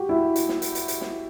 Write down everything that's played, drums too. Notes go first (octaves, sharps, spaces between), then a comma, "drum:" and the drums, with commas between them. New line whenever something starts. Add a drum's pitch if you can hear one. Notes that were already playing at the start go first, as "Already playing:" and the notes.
Already playing: F#4 G4
E4
drum: hi-hat
drum: snare
drum: hi-hat
drum: hi-hat
drum: hi-hat
drum: snare